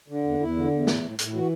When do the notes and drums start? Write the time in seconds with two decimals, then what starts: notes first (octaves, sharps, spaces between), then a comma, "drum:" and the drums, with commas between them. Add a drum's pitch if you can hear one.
0.08 D3
0.24 E2
0.39 E2 E4
0.56 D3
0.71 E2
0.87 A2, drum: snare
1.03 A2
1.19 A2, drum: hi-hat
1.33 E3 F#4